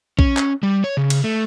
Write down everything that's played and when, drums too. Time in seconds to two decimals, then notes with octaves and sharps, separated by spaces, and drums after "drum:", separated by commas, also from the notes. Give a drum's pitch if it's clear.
0.19 C#4, drum: kick A#1
0.37 drum: clap
0.63 G3
0.84 C#5
0.97 C#3
1.10 drum: cymbal
1.24 A3